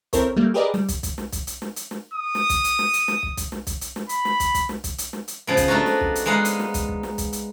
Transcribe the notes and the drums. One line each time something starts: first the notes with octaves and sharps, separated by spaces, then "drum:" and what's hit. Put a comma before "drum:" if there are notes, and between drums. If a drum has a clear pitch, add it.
C4 E4 A4 A#4 C5 C#5, drum: kick, hi-hat
G3 A3 A#3
G4 G#4 A#4 B4 D5 D#5
G3, drum: snare
drum: kick, hi-hat
drum: kick, hi-hat
drum: snare
drum: kick, hi-hat
drum: hi-hat
drum: snare
drum: hi-hat
drum: snare
D#6
drum: snare
drum: kick, hi-hat
drum: hi-hat
drum: snare
drum: hi-hat
drum: snare
drum: kick
drum: kick, hi-hat
drum: snare
drum: kick, hi-hat
drum: hi-hat
drum: snare
B5, drum: hi-hat
drum: snare
drum: kick, hi-hat
drum: kick, hi-hat
drum: snare
drum: kick, hi-hat
drum: hi-hat
drum: snare
drum: hi-hat
C#3 F3 B3
drum: kick, hi-hat
A3 D4 D#4 F4 F#4
drum: snare
drum: kick
drum: hi-hat
G#3 B3 D#4 F5 F#5
drum: hi-hat
drum: snare
drum: kick, hi-hat
drum: kick
drum: snare
drum: kick, hi-hat
drum: hi-hat